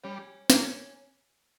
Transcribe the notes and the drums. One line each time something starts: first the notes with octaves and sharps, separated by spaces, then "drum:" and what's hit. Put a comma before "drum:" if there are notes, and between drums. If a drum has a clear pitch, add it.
G3 C#4
A#3 C#4, drum: snare